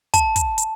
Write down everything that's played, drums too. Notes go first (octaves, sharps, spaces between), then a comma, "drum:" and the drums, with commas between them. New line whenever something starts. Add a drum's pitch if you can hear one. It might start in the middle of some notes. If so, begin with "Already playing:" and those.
A5, drum: kick, hi-hat
drum: kick, hi-hat
drum: hi-hat